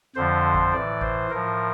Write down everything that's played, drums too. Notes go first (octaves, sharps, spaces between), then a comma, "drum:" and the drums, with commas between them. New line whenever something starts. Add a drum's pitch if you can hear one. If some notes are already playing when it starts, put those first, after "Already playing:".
F2 D3 F3 C5
drum: kick G#1
A2 E3 D5
C5, drum: kick G#1
A2 F3 A#4